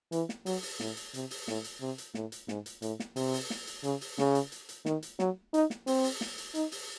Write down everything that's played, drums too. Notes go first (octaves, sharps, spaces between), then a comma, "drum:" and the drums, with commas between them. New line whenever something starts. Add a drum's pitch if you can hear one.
E3, drum: hi-hat
drum: snare
F#3, drum: open hi-hat
drum: open hi-hat
A2, drum: snare
drum: hi-hat
C3, drum: hi-hat
drum: open hi-hat
A2, drum: snare
drum: hi-hat
C3
drum: hi-hat
A2, drum: snare
drum: hi-hat
G#2, drum: snare
drum: hi-hat
A2, drum: hi-hat
drum: snare
C3, drum: open hi-hat
drum: open hi-hat
drum: snare
drum: hi-hat
C#3, drum: hi-hat
drum: open hi-hat
C#3, drum: snare
drum: hi-hat
drum: hi-hat
drum: hi-hat
D#3, drum: snare
drum: hi-hat
F#3, drum: snare
D#4, drum: hi-hat
drum: snare
C4, drum: open hi-hat
drum: open hi-hat
drum: snare
drum: hi-hat
D#4, drum: hi-hat
drum: open hi-hat